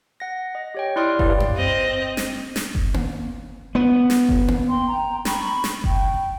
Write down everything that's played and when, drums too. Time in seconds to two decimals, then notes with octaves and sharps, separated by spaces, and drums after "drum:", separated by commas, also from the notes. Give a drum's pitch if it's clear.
0.20 F#5 A#6
0.55 D#5
0.75 G4 C#5 G5
0.96 E4 D5 G5 C6 D#6 F6
1.19 E4 G4 B4 C#5 D5 F5, drum: kick F#1
1.40 drum: tom F#2
1.56 C4 D#5
2.17 drum: snare
2.56 drum: snare
2.75 drum: kick F#1
2.94 drum: tom A#3
3.75 B3
4.10 drum: snare
4.29 drum: kick F#1
4.48 drum: tom A#3
4.68 G5 C6
4.89 G5 A#5
5.25 B5 C#6, drum: snare
5.64 drum: snare
5.84 G5, drum: kick F#1